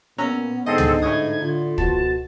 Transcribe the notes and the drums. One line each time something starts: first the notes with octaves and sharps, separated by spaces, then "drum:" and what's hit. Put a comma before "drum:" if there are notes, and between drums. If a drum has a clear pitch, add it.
A#2 B3 C#4 A#5 E6
G#2 D3 C4 D#4 G#4 A4 D#5
drum: tom
A2 C#6 D#6 G#6
D3 F4
F2 B2 F#4 A5, drum: kick